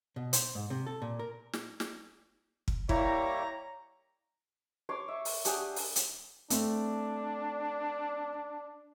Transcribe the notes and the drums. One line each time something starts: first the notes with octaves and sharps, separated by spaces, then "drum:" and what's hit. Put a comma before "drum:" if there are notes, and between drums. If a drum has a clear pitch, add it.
B2
C5, drum: hi-hat
G#2
C3
A4
A#2
A#4
drum: snare
drum: snare
drum: kick
G3 A#3 E4 G4 C#5 A#5, drum: kick
C#5 C6 D6
E5 C#6
drum: open hi-hat
D4 G4 G#4 F#5, drum: hi-hat
drum: open hi-hat
drum: hi-hat
A3 C4 D4, drum: hi-hat